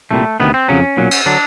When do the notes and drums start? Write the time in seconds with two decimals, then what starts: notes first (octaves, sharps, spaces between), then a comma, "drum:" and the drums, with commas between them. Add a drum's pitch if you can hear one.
0.11 C2 A#2 G3 A3
0.40 D2 C3 D#3 B3
0.54 C4
0.68 F2 C#3 F#3 C#4
0.97 B1 A#2 F#3
1.11 drum: cymbal
1.26 D3 F#3 D4